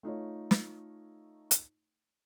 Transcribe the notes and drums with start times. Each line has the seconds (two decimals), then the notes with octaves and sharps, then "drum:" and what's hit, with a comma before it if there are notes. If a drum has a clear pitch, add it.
0.03 A3 D#4 F4 C#5
0.51 drum: snare
1.51 drum: hi-hat